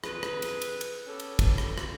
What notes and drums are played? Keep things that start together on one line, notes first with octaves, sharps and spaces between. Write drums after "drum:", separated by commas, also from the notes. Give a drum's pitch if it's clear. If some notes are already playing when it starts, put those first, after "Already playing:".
F2 G#4 B4, drum: rim click
drum: rim click
drum: cymbal
drum: cymbal
drum: cymbal
B3 C#4 G4 A4
drum: cymbal
drum: kick, cymbal
drum: rim click
drum: rim click